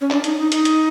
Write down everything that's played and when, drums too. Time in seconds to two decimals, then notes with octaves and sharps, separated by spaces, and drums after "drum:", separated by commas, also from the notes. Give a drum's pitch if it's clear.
0.01 C#4
0.10 D4, drum: clap
0.24 D#4, drum: hi-hat
0.38 D#4
0.52 D#4, drum: hi-hat
0.65 drum: hi-hat